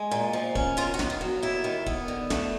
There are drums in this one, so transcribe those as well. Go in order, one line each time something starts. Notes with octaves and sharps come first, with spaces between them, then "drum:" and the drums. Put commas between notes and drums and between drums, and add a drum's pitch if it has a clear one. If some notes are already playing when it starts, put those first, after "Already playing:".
Already playing: G#3
A#2
F3
C#4, drum: kick
D#3 F4
F#4
B3, drum: snare
F4
F#3
D#2 E4
D#3
B3, drum: kick
D3
A3, drum: snare